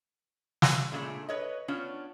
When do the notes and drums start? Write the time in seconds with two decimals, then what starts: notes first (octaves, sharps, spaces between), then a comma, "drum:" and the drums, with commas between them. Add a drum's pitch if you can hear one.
0.62 drum: snare
0.92 A#2 C#3 G#3 A3 D4
1.29 B4 C#5 D#5
1.68 B3 C#4 D4 F4 C#5